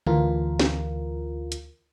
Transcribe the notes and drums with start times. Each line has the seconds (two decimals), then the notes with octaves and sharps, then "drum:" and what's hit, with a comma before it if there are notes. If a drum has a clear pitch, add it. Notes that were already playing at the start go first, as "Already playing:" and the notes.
0.07 D2 E3 F4 A#4, drum: tom D3
0.59 drum: snare
1.52 drum: hi-hat